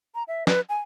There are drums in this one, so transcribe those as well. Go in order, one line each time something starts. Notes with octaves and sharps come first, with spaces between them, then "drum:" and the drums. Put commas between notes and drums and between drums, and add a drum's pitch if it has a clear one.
A#5
E5
B4, drum: snare
G#5